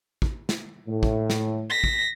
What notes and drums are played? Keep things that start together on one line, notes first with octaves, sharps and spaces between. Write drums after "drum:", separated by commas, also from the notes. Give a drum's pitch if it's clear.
drum: kick
drum: snare
A2
drum: kick
drum: snare
A#6 B6
drum: kick